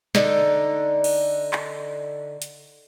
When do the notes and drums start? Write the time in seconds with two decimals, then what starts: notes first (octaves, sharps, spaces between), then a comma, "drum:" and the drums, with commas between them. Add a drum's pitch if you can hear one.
0.15 D3 D#4, drum: snare
1.04 drum: cymbal
1.53 drum: clap
2.42 drum: hi-hat